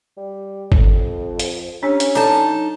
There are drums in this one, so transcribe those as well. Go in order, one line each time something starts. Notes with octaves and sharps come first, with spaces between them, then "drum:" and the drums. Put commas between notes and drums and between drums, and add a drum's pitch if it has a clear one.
G3
F2, drum: kick G1
drum: hi-hat
C#4 D4 G4
drum: hi-hat
F#3 D#4 A4 D5 A5